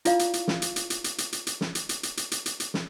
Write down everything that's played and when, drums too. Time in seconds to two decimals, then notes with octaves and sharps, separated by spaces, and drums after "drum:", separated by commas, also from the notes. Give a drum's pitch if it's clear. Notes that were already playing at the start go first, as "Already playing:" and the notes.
0.05 E4 F4 D5 F5, drum: hi-hat
0.19 drum: hi-hat
0.33 drum: hi-hat
0.48 drum: snare
0.62 drum: hi-hat
0.76 drum: hi-hat
0.90 drum: hi-hat
1.04 drum: hi-hat
1.18 drum: hi-hat
1.32 drum: hi-hat
1.47 drum: hi-hat
1.61 drum: snare
1.75 drum: hi-hat
1.89 drum: hi-hat
2.03 drum: hi-hat
2.17 drum: hi-hat
2.31 drum: hi-hat
2.46 drum: hi-hat
2.60 drum: hi-hat
2.74 drum: snare